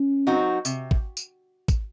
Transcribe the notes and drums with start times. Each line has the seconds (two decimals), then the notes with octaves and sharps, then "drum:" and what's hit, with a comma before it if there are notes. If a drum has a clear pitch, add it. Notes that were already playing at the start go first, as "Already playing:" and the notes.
Already playing: C#4
0.27 F#3 C4 D#4 F#4
0.65 C3, drum: tambourine
0.91 drum: kick
1.17 drum: tambourine
1.68 drum: kick, tambourine